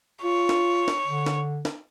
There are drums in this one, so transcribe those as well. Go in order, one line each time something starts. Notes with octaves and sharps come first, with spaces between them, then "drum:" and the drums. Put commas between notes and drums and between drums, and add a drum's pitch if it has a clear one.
F4 C#5
drum: snare
drum: snare
D3
drum: snare
drum: snare